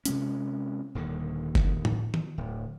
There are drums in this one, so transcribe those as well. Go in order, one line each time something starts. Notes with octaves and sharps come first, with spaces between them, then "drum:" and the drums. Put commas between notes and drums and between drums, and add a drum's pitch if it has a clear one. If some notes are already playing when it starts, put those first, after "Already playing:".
C3 G#3 C#4, drum: hi-hat
D#1 D#2 D3 D#3
drum: kick F#1
drum: tom A2
drum: tom D#3
D1